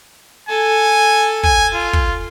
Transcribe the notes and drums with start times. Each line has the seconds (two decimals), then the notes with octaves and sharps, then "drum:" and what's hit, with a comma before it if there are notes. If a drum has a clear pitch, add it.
0.49 A4 G#5
1.43 G#5, drum: kick
1.74 F4
1.93 drum: kick